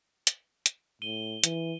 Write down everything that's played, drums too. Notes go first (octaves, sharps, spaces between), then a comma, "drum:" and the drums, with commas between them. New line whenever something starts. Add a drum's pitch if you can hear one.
drum: hi-hat
drum: hi-hat
A2 D#7 G7
E3, drum: hi-hat